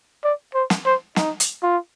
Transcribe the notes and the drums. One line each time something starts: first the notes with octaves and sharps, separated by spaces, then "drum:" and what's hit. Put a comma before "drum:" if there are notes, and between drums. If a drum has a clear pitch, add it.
D5
C5
drum: snare
C5
D#4, drum: snare
drum: hi-hat
F4